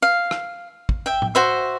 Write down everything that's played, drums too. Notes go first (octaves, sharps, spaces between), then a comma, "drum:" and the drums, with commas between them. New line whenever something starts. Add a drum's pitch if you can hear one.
F5
drum: rim click
drum: kick
E5 G5
drum: tom A2
F#4 C5 E5